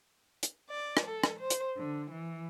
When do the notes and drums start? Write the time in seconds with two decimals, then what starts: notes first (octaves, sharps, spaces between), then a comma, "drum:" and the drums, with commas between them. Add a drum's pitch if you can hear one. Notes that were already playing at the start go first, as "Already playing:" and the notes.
0.43 drum: hi-hat
0.71 D5
0.97 drum: rim click
1.07 A4
1.24 drum: rim click
1.40 C5
1.50 drum: hi-hat
1.77 D3
2.12 E3